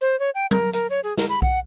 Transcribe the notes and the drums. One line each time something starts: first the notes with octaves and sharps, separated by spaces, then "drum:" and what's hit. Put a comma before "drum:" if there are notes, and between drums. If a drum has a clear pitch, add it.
C5
C#5
G5
A#4, drum: tom F#3
A#4, drum: hi-hat
C#5
G#4
A#4, drum: snare
B5
F#5, drum: kick B1